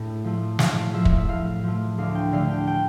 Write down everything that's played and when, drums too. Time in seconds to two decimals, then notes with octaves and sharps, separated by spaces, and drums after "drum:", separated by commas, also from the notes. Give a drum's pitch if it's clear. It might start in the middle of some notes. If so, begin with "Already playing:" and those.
Already playing: A2 A3
0.24 F3 A3
0.59 A2 F5, drum: snare
0.93 F3 A3 E5
1.05 drum: kick
1.18 E5
1.28 A2 F5
1.63 F3 A3
1.98 D2 F5
2.15 G5
2.32 D3 A3 F5
2.50 G5
2.67 G5